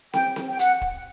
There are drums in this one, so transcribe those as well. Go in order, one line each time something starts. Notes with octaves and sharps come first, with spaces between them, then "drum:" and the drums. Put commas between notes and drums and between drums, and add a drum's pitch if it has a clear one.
G5, drum: snare
drum: snare
G5
F#5, drum: hi-hat
drum: kick